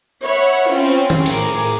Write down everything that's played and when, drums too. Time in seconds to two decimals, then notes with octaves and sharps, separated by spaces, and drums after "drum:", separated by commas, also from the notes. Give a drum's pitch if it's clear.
0.23 C#5 E5 F#5 B5
0.68 C4 C#4 F4
1.10 drum: tom D#3
1.26 A2 G#4 A#4 D6, drum: cymbal